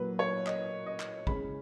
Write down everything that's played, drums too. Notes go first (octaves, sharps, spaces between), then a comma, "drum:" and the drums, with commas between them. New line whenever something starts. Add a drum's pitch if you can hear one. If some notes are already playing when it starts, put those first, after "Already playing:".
Already playing: A#2 F#3 A#3 B4
C#5
D#5, drum: clap
D#5
drum: clap
C#3 G#3 C#4 B5, drum: kick